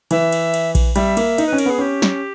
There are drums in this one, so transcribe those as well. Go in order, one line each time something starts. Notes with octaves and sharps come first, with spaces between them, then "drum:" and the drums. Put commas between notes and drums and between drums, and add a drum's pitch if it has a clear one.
E3 E5, drum: cymbal
drum: cymbal
drum: cymbal
drum: kick A#1, cymbal
G3 E5, drum: cymbal
A#3, drum: cymbal
D#4, drum: cymbal
B4
C#4
A#4, drum: cymbal
B3 G#4
C#4 G4
drum: snare